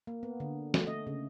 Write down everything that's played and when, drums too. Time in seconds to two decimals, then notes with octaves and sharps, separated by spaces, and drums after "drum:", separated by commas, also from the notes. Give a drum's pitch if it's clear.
0.07 A#3
0.23 B3
0.40 D3
0.74 A3, drum: snare
0.87 D#5
1.07 C#3